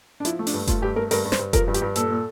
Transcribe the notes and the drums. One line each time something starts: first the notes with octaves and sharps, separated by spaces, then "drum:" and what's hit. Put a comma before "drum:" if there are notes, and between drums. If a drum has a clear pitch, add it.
D4
F3 E4, drum: hi-hat
A3
D4, drum: open hi-hat
G2
A3 F4, drum: kick F1, hi-hat
G2 G4
A3 A#4
G2 A#4, drum: open hi-hat
G2
C5, drum: snare
G2
F3 A#4, drum: kick F1, hi-hat
G2
G4, drum: hi-hat
G2
A#2 A4, drum: hi-hat
A#2